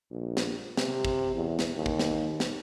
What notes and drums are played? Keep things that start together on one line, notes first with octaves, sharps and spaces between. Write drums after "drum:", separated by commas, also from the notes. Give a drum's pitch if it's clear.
A#1
drum: snare
C3, drum: snare
drum: kick
E2
drum: snare
D#2
drum: kick
drum: snare
drum: snare